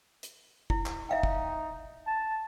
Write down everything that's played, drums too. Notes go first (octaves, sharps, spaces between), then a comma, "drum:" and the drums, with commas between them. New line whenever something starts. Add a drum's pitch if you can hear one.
drum: hi-hat
E4, drum: kick
drum: clap
D#4 E5 F5 G5
drum: kick
A5